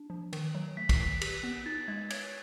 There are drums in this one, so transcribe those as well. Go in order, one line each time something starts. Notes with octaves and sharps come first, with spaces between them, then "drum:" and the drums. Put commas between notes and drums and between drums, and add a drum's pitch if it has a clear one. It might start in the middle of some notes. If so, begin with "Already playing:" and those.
Already playing: D4
F3
D#3, drum: cymbal
F#3
A3 B6
C7, drum: kick, cymbal
D#3 B6
G4, drum: cymbal
B3
D#4 A6
G#3 G#6
C#5 G#6, drum: cymbal
G#6